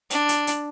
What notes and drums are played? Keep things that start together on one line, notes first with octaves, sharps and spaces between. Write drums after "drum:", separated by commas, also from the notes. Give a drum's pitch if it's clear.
D4, drum: hi-hat
drum: hi-hat
drum: hi-hat